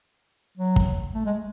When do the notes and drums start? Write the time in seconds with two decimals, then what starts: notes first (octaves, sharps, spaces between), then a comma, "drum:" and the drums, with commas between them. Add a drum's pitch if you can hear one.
0.57 F#3
0.76 drum: kick
1.14 A3
1.26 G#3